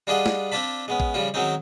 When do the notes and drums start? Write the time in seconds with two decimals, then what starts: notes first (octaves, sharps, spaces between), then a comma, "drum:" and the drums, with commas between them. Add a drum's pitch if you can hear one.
0.07 G3 D4 F4 G#4 D#5 F#5
0.26 drum: snare
0.52 C4 D4 F4 D5 A5 B5
0.88 G#3 B3 C#4
1.00 drum: kick A1
1.14 C#3 F3 G3 F4
1.34 D#3 F#3 G#3 C4 C#4 D#4